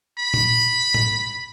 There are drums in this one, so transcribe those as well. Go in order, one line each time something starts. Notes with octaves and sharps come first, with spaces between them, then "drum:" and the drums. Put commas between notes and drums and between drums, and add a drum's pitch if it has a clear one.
B5
drum: tom A#2
drum: tom A2